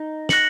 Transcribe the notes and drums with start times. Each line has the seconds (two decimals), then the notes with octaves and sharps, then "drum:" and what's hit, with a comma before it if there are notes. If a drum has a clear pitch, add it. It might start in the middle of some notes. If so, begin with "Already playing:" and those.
Already playing: D#4
0.29 F#6 A#6 C#7 F#7, drum: snare